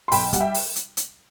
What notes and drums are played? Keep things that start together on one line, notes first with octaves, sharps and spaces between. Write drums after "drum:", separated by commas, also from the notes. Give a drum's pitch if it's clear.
C6
B1 G5 B5, drum: open hi-hat
G3 F#5, drum: kick, hi-hat
E5 G5
drum: open hi-hat
drum: hi-hat
drum: hi-hat